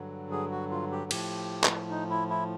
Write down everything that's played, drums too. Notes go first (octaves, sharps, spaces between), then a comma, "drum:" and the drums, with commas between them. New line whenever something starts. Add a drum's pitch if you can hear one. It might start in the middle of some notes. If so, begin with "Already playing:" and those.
Already playing: G2 D3 F#3
G#4
F#4
F4
G4
A2 F3 G4, drum: cymbal
drum: clap
D#4
E4
E4